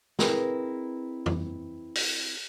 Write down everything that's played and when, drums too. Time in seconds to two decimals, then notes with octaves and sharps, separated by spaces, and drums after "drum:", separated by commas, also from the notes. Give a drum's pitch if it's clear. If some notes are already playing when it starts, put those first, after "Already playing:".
0.19 C4 E4 G#4 A#4 B4 D#5, drum: snare
1.26 drum: tom F2
1.95 drum: open hi-hat